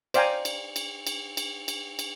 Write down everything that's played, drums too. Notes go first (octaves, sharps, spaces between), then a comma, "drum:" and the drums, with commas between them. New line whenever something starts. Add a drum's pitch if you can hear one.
C5 D5 F5 G5 G#5 A#5, drum: cymbal
drum: cymbal
drum: cymbal
drum: cymbal
drum: cymbal
drum: cymbal
drum: cymbal